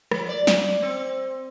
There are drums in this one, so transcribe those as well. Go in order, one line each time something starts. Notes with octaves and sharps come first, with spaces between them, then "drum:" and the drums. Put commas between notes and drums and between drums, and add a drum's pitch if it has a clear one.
F3, drum: rim click
D5
drum: snare
C4